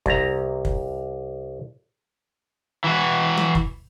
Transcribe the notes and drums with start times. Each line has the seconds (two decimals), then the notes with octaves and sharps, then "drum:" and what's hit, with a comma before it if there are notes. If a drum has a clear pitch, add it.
0.06 C2 A#5, drum: kick
0.65 drum: kick
2.84 E3 F#4
3.37 drum: tom
3.55 drum: kick